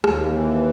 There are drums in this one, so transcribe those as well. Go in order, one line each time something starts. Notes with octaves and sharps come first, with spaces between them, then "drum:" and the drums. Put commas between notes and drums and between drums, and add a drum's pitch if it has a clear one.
D#2, drum: rim click
E3